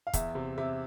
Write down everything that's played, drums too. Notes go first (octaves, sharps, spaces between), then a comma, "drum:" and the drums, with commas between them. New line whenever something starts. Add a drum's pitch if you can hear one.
F5
E2 E5, drum: kick, hi-hat
C3
C3 E5